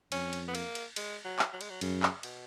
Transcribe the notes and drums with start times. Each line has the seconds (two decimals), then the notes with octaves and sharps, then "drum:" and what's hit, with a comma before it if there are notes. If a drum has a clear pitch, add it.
0.12 F2 C#4, drum: cymbal
0.33 drum: cymbal
0.48 B3
0.55 A#3, drum: cymbal
0.75 drum: cymbal
0.96 G#3, drum: cymbal
1.25 F#3
1.39 drum: clap
1.53 F#3
1.61 G#3, drum: cymbal
1.70 F#3
1.81 F#2 C#3, drum: cymbal
2.03 drum: clap
2.23 B2, drum: cymbal